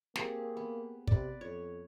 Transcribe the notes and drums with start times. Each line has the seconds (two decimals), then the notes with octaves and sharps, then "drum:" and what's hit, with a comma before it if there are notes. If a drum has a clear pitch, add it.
0.16 A#3 C4 G4 G#4, drum: snare
0.57 B3
1.07 C3 B4 D5, drum: kick
1.41 F2 C#5